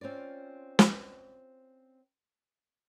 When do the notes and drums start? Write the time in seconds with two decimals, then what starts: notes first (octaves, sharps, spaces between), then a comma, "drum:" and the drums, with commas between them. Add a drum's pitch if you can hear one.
0.01 C4 C#4 F4 D5
0.79 drum: snare